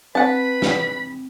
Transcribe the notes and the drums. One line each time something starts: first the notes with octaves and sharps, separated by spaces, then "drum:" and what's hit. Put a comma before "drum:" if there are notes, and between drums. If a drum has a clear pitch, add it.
C4 B4 F#5 A5 B5
drum: snare